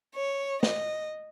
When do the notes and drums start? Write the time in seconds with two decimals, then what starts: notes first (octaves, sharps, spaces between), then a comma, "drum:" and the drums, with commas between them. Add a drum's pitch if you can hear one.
0.15 C#5
0.63 D#5, drum: snare